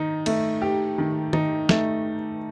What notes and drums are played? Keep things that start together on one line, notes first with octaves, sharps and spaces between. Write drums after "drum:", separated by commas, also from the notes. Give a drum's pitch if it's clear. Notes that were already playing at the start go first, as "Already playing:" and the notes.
Already playing: D#3 D#4
A3, drum: cymbal
G4
D#3
D#4, drum: tom D#3
A3, drum: snare